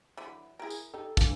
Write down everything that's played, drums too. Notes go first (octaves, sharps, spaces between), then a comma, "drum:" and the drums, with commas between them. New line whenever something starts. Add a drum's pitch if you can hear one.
D3 E3 F#3 B5
E4 G4 G#4 A#4
drum: tambourine
D#4 G4 A4
D2 G2 E3 F4 A4, drum: kick, tambourine